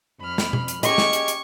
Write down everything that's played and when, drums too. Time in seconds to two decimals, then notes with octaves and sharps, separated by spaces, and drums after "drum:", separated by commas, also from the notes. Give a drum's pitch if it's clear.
0.21 F2 B5 F6
0.38 drum: snare
0.53 drum: tom B2
0.68 drum: hi-hat
0.83 C#4 G4 G#4 D#5 C#6 G#6, drum: hi-hat
0.98 drum: snare
1.13 drum: hi-hat
1.28 drum: hi-hat